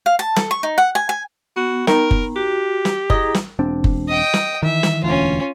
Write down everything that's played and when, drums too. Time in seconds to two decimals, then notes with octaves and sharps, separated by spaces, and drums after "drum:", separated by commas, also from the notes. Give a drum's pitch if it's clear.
0.06 F5
0.19 A5
0.36 A4, drum: snare
0.51 C#6
0.63 D#4
0.78 F#5
0.95 G#5
1.09 G#5
1.56 B3 F#4
1.87 D#3 A#4, drum: snare
2.11 drum: kick F#1
2.36 F#4 G4
2.85 drum: snare
3.10 E4 G#4 D#5 A#5, drum: kick F#1
3.34 drum: snare
3.59 E1 C4 D4
3.84 drum: kick F#1
4.08 D#5 G5
4.34 drum: snare
4.63 D#3 E3 E5
4.83 drum: snare
5.04 E1 D2 E3 C#4 F4